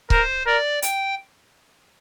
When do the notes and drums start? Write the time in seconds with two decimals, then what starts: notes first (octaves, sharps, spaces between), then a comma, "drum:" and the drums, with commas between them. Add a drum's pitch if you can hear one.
0.10 A#4 C5, drum: kick C#1
0.46 A#4 D5
0.82 G5, drum: hi-hat